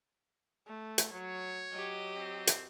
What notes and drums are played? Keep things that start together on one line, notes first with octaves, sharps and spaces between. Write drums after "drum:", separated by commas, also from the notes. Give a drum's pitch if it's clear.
A3
drum: hi-hat
F#3 C#5
F#3 G4 D#5
C4
drum: hi-hat